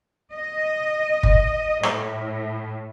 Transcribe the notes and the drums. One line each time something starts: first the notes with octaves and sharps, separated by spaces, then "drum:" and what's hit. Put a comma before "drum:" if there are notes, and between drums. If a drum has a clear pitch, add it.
D#5
drum: kick
A2, drum: rim click